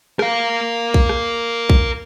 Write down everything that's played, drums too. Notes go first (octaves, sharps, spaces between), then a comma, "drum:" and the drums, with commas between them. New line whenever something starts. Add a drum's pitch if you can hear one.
A#4 F5, drum: rim click
drum: kick A#1
drum: rim click
drum: kick A#1